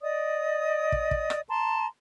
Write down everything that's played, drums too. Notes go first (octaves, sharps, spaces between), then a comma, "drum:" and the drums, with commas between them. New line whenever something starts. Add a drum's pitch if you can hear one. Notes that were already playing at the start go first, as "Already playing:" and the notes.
D5 D#5 D#6
drum: kick
drum: kick
drum: rim click
A5 A#5 C6